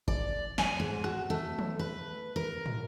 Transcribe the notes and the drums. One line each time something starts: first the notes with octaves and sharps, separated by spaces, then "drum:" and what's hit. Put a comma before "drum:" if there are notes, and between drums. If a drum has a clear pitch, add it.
D5, drum: kick G1
G#5, drum: snare
G#2
F#4, drum: rim click
A3
drum: tom
B4
A#4
drum: tom